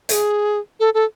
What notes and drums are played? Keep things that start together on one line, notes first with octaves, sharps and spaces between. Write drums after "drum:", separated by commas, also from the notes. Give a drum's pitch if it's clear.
A4, drum: hi-hat
G#4
A4
A4